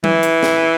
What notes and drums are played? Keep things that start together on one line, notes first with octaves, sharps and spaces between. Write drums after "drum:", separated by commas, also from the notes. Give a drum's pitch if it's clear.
E3, drum: tom F#3
drum: hi-hat
drum: snare